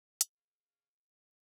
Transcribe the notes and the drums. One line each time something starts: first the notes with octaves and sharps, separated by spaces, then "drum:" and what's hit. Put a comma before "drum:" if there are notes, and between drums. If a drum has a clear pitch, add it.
G#4 F5, drum: hi-hat